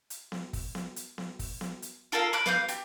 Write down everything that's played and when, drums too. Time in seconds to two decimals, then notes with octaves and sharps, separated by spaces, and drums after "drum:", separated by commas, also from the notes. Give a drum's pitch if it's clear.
0.10 drum: hi-hat
0.32 drum: snare B3
0.53 drum: kick, open hi-hat
0.75 drum: snare B3
0.96 drum: hi-hat
1.18 drum: snare B3
1.39 drum: kick, open hi-hat
1.61 drum: snare B3
1.82 drum: hi-hat
2.12 F4 A4 A#4 F5
2.33 B5 D6 F#6
2.46 B4 F5 D6 G6, drum: snare B3
2.68 G4, drum: hi-hat